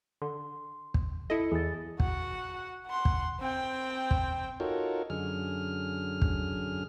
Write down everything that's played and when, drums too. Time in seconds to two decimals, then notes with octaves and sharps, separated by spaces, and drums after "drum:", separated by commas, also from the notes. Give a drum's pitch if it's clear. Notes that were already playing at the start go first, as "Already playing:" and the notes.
0.22 D3 C6
0.94 drum: kick
1.30 E4 A4 D#5 C#7
1.52 E2 G#4 A6
2.00 F#4 F#5, drum: kick
2.87 F#5 C6
3.05 drum: kick
3.40 C4 G5
4.11 drum: kick
4.60 D#4 F4 F#4 A4 A#4 C#5
5.10 F#2 D3 G#4 F6
6.22 drum: kick